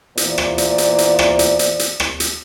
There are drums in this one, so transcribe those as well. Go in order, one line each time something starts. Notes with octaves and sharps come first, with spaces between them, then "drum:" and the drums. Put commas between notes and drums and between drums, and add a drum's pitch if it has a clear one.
E2 A#2 C5 D5, drum: hi-hat
drum: rim click
drum: hi-hat
drum: hi-hat
drum: hi-hat
drum: rim click
drum: hi-hat
drum: hi-hat
drum: hi-hat
drum: rim click
drum: hi-hat